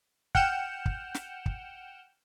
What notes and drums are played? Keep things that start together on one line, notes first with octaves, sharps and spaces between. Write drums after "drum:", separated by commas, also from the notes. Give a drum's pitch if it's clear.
F#5 G5 F6 G6 C#7 E7, drum: kick
drum: kick
drum: snare
drum: kick